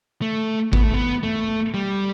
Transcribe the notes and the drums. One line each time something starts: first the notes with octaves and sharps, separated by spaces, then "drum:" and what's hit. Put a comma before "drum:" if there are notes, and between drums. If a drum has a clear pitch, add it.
A3
B3, drum: kick G#1
A3
B3
A3
G3